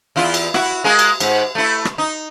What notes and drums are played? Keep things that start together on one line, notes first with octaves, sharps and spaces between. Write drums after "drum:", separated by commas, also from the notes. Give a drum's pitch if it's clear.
E2 E4 F4
drum: cymbal
E4 F#4, drum: rim click
G#3 A#3 G#4
drum: cymbal
G#2, drum: cymbal
A3 E4
drum: rim click
D#4